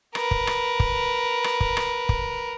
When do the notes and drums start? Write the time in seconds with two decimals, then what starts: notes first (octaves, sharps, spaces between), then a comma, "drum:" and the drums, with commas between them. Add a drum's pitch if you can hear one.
0.15 A#4 B4, drum: rim click
0.31 drum: kick
0.47 drum: rim click
0.80 drum: kick
1.44 drum: rim click
1.60 drum: kick
1.77 drum: rim click
2.09 drum: kick